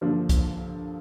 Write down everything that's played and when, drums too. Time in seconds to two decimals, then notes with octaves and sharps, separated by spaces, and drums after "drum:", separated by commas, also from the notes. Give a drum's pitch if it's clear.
0.01 G2 D3 F3 A#3 D4
0.29 drum: kick B1, hi-hat